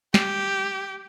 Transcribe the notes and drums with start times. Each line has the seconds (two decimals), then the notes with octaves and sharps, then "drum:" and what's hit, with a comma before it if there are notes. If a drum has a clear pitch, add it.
0.14 G4, drum: snare